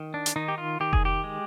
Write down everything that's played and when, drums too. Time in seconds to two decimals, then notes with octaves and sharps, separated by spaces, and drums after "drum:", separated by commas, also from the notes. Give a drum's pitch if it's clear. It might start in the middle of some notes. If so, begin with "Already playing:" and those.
Already playing: D#3
0.14 D4
0.26 drum: hi-hat
0.36 D#3 D#4
0.48 G4
0.58 F4
0.80 D#3 G4
0.93 G#4, drum: kick F1
1.05 G4
1.24 G#3